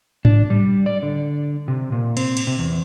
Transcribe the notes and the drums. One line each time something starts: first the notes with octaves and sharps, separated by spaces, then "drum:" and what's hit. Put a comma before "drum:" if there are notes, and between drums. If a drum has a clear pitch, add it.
D4, drum: tom G#2
G3
D5
D3
C3
A#2
C4, drum: cymbal
drum: cymbal
C3
E2